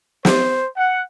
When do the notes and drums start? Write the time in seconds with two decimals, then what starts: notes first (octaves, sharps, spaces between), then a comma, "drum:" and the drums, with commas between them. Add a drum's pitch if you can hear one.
0.25 C5, drum: snare
0.77 F#5